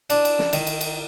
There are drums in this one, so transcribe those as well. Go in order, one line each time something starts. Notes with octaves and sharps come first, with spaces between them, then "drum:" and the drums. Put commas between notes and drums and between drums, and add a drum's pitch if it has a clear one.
D4, drum: cymbal
drum: cymbal
drum: snare
D#3, drum: cymbal
drum: cymbal
drum: cymbal